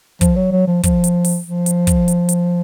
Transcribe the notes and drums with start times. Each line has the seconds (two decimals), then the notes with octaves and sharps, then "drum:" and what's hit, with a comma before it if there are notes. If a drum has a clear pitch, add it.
0.21 F3, drum: kick, hi-hat
0.36 F#3
0.52 F#3
0.67 F3
0.83 F3, drum: kick, hi-hat
1.04 drum: hi-hat
1.24 drum: open hi-hat
1.45 F3
1.66 drum: hi-hat
1.87 drum: kick, hi-hat
2.08 drum: hi-hat
2.29 drum: hi-hat